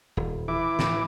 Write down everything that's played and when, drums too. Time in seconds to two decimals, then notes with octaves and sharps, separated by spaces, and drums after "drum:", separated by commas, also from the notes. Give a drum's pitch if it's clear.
0.17 D#1
0.48 E3 D6
0.79 A2, drum: snare